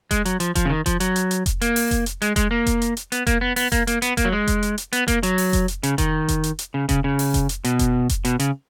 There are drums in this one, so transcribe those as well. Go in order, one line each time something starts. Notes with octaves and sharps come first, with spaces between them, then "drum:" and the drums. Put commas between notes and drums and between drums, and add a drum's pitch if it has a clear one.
G#3, drum: kick F1, hi-hat
F#3, drum: hi-hat
F3, drum: hi-hat
F3, drum: kick F1, hi-hat
C#3
D#3
F3, drum: kick F1, hi-hat
F#3, drum: hi-hat
drum: hi-hat
drum: hi-hat
drum: kick F1, hi-hat
A#3, drum: hi-hat
drum: open hi-hat
drum: kick F1, hi-hat
drum: hi-hat
G#3, drum: hi-hat
G#3, drum: kick F1, hi-hat
A#3
drum: kick F1, hi-hat
drum: hi-hat
drum: hi-hat
B3, drum: hi-hat
A#3, drum: kick F1, hi-hat
B3
B3, drum: open hi-hat
A#3, drum: kick F1, hi-hat
A#3, drum: hi-hat
B3, drum: hi-hat
A#3, drum: kick F1, hi-hat
F#3
G#3
drum: kick F1, hi-hat
drum: hi-hat
drum: hi-hat
B3, drum: hi-hat
A#3, drum: kick F1, hi-hat
F#3, drum: hi-hat
drum: open hi-hat
drum: kick F1, hi-hat
drum: hi-hat
C#3, drum: hi-hat
D#3, drum: kick F1, hi-hat
drum: kick F1, hi-hat
drum: hi-hat
drum: hi-hat
C#3
C#3, drum: kick F1, hi-hat
C#3
drum: open hi-hat
drum: kick F1, hi-hat
drum: hi-hat
B2, drum: hi-hat
drum: kick F1, hi-hat
drum: kick F1, hi-hat
B2, drum: hi-hat
C#3, drum: hi-hat